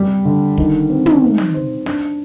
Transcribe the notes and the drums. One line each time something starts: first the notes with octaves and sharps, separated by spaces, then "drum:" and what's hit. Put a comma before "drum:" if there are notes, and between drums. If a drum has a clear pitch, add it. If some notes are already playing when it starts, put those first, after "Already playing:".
Already playing: G3
D3
D#3, drum: kick
C4
drum: tom
D#4
drum: snare
C5
D4, drum: snare